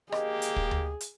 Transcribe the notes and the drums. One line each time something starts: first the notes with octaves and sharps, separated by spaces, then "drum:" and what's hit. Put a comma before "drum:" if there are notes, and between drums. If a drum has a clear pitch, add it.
A#3 G4 G#4 D#5, drum: rim click
drum: hi-hat
drum: kick
drum: tom D2
drum: hi-hat